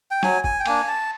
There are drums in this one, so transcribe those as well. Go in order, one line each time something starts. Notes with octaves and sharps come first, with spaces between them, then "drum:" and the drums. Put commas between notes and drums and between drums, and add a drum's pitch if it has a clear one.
G5
F#3 G#5, drum: snare
G#5, drum: kick
G5
A#3 D4 G#5, drum: cymbal
A5